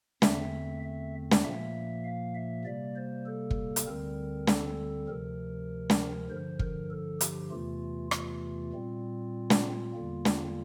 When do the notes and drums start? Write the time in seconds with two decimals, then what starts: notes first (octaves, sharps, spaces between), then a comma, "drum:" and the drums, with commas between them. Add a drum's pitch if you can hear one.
0.22 E2 D3 A3 C4 E5, drum: snare
0.83 E5
1.31 drum: snare
1.43 A#2 F3 A#3 E5
2.05 F5
2.35 E5
2.65 C3 G3 A#3 D5
2.96 C5
3.26 A4
3.51 drum: kick
3.76 drum: hi-hat
3.86 D2 D3 G3 C4 A#4
4.47 A4, drum: snare
5.07 D2 C3 F3 A#4
5.90 drum: snare
6.30 G2 D3 F3 C5
6.59 A#4, drum: kick
6.91 A4
7.21 G4, drum: hi-hat
7.51 E2 C3 E3 A3 F4
8.11 F4, drum: rim click
8.72 A#2 G3 C4
9.50 drum: snare
9.94 E2 D3 G3 A#3
10.25 drum: snare